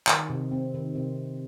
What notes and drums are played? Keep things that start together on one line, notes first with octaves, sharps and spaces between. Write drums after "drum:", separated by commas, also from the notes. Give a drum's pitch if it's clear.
D#3, drum: clap
C3
C4
D#3
C3